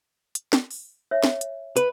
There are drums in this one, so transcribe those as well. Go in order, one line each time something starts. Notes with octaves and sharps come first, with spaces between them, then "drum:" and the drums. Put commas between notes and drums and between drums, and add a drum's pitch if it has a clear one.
drum: hi-hat
drum: snare
drum: open hi-hat
C#5 E5
drum: snare
drum: hi-hat
B4, drum: hi-hat